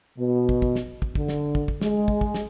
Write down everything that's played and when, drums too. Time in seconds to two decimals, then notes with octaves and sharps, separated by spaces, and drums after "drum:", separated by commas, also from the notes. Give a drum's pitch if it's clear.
0.17 B2
0.49 drum: kick
0.62 drum: kick
0.75 drum: snare
1.02 drum: kick
1.15 D3, drum: kick
1.28 drum: snare
1.55 drum: kick
1.68 drum: kick
1.81 G#3, drum: snare
2.08 drum: kick
2.21 drum: kick
2.34 drum: snare